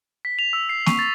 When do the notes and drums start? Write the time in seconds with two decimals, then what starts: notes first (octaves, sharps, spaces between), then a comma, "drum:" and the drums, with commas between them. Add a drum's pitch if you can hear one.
0.25 B6
0.39 F7
0.53 E6
0.69 C7
0.86 C#6, drum: snare A#3
0.99 A6